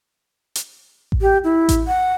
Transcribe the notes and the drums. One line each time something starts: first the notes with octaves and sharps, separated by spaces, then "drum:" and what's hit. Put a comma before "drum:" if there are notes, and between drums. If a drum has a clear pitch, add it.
drum: hi-hat
drum: kick A1
G4
E4
drum: kick A1, hi-hat
F#5